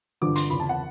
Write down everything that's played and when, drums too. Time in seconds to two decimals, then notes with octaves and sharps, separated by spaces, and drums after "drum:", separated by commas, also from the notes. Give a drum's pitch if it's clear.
0.21 G2 D3 F3 D6
0.36 C6, drum: hi-hat
0.50 E2 C#3 F3 B5
0.60 A5
0.69 F#5